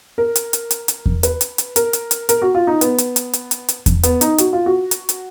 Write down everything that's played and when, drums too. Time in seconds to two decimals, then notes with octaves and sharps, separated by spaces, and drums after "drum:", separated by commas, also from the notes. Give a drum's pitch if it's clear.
0.18 A#4
0.36 drum: hi-hat
0.53 drum: hi-hat
0.71 drum: hi-hat
0.88 drum: hi-hat
1.06 drum: kick E2
1.23 B4, drum: hi-hat
1.41 drum: hi-hat
1.58 drum: hi-hat
1.76 A#4, drum: hi-hat
1.93 drum: hi-hat
2.11 drum: hi-hat
2.29 A#4, drum: hi-hat
2.42 F#4
2.55 F4
2.67 D#4
2.81 B3, drum: hi-hat
2.98 drum: hi-hat
3.16 drum: hi-hat
3.33 drum: hi-hat
3.51 drum: hi-hat
3.69 drum: hi-hat
3.86 drum: kick E2, hi-hat
4.03 B3, drum: hi-hat
4.21 D#4, drum: hi-hat
4.38 F#4, drum: hi-hat
4.53 F4
4.66 F#4
4.91 drum: hi-hat
5.09 drum: hi-hat